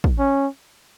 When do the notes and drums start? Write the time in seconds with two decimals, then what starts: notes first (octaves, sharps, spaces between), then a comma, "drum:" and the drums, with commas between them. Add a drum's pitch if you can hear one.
0.04 drum: kick
0.19 C#4